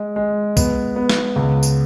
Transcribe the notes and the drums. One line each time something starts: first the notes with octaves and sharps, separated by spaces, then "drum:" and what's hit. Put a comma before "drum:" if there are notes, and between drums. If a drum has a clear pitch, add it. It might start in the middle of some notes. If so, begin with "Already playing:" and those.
Already playing: G#3
G#3
B3, drum: kick, tambourine
B3
drum: snare
C#2
drum: tambourine